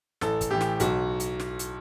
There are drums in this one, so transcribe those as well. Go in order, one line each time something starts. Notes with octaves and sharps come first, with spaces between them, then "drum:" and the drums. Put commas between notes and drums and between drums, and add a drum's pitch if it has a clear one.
A1 A4, drum: snare
drum: kick, hi-hat
A2 E3 G4
drum: snare
B1 F#4, drum: hi-hat
drum: hi-hat
drum: snare
drum: hi-hat